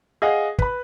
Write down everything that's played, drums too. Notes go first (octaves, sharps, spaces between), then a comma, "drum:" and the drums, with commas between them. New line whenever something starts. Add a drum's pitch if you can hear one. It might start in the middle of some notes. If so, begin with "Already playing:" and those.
G#4 D#5 F5 F#5
B4 B5, drum: kick